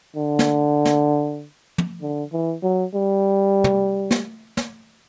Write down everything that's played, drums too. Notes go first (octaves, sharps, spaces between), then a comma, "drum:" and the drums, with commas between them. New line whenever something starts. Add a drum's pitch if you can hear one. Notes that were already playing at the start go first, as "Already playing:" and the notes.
D3
drum: snare
drum: snare
drum: tom
D3
E3
F#3
G3
drum: tom
drum: snare
drum: snare